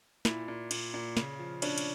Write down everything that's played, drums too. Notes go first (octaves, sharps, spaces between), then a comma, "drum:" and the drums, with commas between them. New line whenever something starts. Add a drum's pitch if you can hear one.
A#2 E4, drum: snare
A#2
A#2, drum: cymbal
A#2
C#3, drum: snare
F3
C#4 D4, drum: cymbal
drum: cymbal